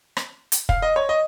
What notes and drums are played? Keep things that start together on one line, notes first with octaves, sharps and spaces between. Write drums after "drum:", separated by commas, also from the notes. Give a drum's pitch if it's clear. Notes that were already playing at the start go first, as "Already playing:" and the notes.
drum: rim click
drum: hi-hat
F5, drum: kick
D#5
C#5
D#5